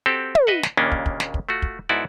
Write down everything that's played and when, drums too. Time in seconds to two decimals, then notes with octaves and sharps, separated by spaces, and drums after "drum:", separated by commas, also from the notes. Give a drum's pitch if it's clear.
0.06 C4 F#4 G4 A4
0.35 drum: tom
0.47 B4 D#5 E5 F#5
0.63 drum: snare
0.77 D#2 A#2 C#3 A#3 C#4 D4
0.92 drum: kick
1.06 drum: kick
1.20 drum: snare
1.34 drum: kick
1.49 A3 F4 F#4
1.62 drum: kick
1.89 G#2 B3 E4 F#4 A4 D5